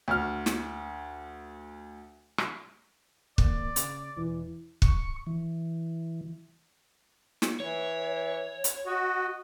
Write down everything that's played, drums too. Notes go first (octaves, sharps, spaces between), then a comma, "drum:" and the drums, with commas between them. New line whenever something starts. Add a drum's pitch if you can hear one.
D2 F6
drum: snare
drum: rim click
G#1 A#3 D5, drum: kick
C#3, drum: hi-hat
E1 E3
C#6, drum: kick
E3
drum: snare
E3 C#5
drum: hi-hat
F#4 D#5